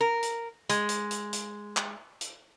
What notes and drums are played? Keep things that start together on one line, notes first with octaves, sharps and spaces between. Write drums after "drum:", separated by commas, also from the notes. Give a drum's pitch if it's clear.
A#4
drum: hi-hat
G#3, drum: hi-hat
drum: hi-hat
drum: hi-hat
drum: hi-hat
drum: clap
drum: hi-hat